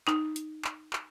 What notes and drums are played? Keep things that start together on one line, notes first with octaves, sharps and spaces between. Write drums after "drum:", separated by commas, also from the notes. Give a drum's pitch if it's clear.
D#4, drum: clap
drum: hi-hat
drum: clap
drum: clap